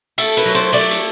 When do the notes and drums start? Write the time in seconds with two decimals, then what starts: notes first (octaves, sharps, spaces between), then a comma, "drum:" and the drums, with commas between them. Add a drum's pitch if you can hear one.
0.18 A3 A4, drum: cymbal
0.37 B4, drum: cymbal
0.45 F#3
0.55 C5, drum: cymbal
0.73 A3 D5, drum: cymbal
0.91 drum: cymbal